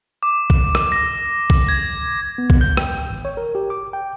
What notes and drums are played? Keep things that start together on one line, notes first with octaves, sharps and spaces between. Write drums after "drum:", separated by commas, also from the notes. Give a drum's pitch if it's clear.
D6
drum: kick
drum: rim click
A#6
drum: kick
G#6
B3
drum: kick
G6
G5, drum: rim click
G#1
C#5
A#4
G4
D6
G5